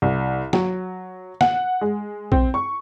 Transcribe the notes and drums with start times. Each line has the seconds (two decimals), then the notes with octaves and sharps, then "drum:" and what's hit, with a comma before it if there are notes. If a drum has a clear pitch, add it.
0.02 C2
0.53 F#3, drum: snare
1.41 F#5, drum: snare
1.81 G#3
2.32 C4, drum: kick
2.54 C#6